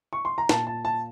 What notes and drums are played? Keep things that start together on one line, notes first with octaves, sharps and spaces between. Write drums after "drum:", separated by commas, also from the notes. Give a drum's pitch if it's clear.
C#6
C6
A#5
A#2 A5, drum: snare
A5
A5